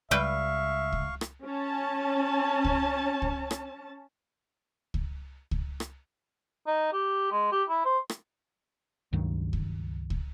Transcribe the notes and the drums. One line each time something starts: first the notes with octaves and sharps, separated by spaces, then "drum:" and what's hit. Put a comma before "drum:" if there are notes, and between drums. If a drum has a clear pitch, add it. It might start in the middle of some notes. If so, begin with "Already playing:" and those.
C#2 G3 B4 E5 F5 G5 C#6
drum: kick C#2
drum: rim click
C#4 A5
drum: kick C#2
drum: kick C#2
drum: rim click
drum: kick C#2
drum: kick C#2
drum: rim click
D#4
G4
G#3
G4
E4
C5
drum: rim click
C#2 G2 D#3 F#3
drum: kick C#2
drum: kick C#2